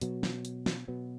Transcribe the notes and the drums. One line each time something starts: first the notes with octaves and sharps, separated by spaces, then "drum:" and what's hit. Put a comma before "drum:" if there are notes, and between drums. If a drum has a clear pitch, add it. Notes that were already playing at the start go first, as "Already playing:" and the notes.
B2 F#3 B3, drum: hi-hat
drum: snare
drum: hi-hat
drum: snare
B2 F#3 B3